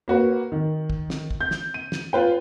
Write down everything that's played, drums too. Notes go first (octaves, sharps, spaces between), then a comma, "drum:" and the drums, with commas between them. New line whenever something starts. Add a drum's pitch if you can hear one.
A#3 F#4 B4
D#3
drum: kick
drum: snare
drum: kick
G6
drum: snare
D#7
drum: snare
F4 B4 G5